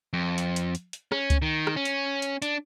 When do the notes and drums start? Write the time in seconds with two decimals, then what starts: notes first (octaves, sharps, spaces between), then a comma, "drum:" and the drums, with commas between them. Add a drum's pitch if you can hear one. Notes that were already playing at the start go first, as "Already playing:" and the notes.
0.13 F2
0.38 drum: hi-hat
0.56 drum: hi-hat
0.75 drum: hi-hat
0.93 drum: hi-hat
1.12 C#4, drum: rim click
1.30 drum: kick C#2, hi-hat
1.42 D#3
1.67 drum: rim click
1.76 C#4
1.85 drum: hi-hat
2.22 drum: hi-hat
2.42 D4, drum: hi-hat